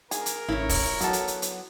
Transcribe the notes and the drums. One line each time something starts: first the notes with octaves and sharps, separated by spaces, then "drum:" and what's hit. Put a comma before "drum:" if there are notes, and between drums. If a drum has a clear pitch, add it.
G#4 A#4, drum: hi-hat
drum: hi-hat
A1 E4 C#5
drum: kick E1, open hi-hat
F#3 B3 A4, drum: hi-hat
drum: hi-hat
drum: hi-hat
drum: hi-hat